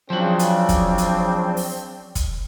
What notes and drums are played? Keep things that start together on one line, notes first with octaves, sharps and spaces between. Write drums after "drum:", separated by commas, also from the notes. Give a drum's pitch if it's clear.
C#3 F3 F#3 C4 D4
drum: hi-hat
drum: kick, hi-hat
drum: hi-hat
drum: open hi-hat
drum: kick, hi-hat